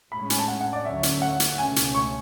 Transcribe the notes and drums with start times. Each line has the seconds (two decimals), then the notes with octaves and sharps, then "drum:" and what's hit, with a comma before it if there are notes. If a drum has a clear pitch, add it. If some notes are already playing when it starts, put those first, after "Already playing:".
0.12 A2 G#3 C#4 B5
0.30 G#5, drum: hi-hat
0.39 A5
0.48 F#5
0.61 F#5
0.73 D5
0.85 D2 D3 F#3 C#4 E5
1.03 drum: hi-hat
1.22 F#5
1.40 drum: hi-hat
1.58 C#2 B2 A3 C#4 G#5
1.76 drum: hi-hat
1.95 C#6